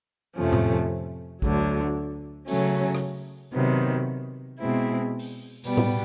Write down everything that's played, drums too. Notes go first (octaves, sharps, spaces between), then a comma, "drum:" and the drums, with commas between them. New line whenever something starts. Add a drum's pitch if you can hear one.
F2 C3 F3 A3 C#4
drum: tom A2
D2 D3 F#3, drum: kick A1
C#3 F#3 A3 C#4, drum: open hi-hat
drum: rim click
C3 D#3 F#3 B3
B2 G#3 C4 E4
drum: open hi-hat
B2 G3 B3, drum: open hi-hat
drum: tom A2